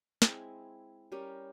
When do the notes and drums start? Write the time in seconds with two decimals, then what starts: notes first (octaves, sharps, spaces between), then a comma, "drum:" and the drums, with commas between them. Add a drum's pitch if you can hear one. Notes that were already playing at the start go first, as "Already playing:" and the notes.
0.22 G#3 C4 E4, drum: snare
1.12 G3 C#4 G4 A#4